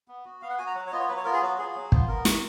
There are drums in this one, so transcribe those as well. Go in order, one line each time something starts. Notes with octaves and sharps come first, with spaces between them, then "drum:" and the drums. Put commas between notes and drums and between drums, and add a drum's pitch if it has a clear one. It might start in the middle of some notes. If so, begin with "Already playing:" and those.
B3
F#4
B3 F5
F#5
F#4 G#5
A#5
F#3 F#5
C#5
B3 F4 D#5
C#5
F#3 B4
C#5
B3 F4 A#4
G#4
F#3 F#4
B3 F4 G#4
F#3
B3 F4, drum: kick
B3 A#4
F#4, drum: snare